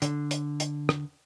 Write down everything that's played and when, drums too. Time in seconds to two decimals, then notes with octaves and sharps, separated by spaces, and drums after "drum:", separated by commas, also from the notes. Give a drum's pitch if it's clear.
0.02 D3, drum: hi-hat
0.31 drum: hi-hat
0.60 drum: hi-hat
0.89 drum: rim click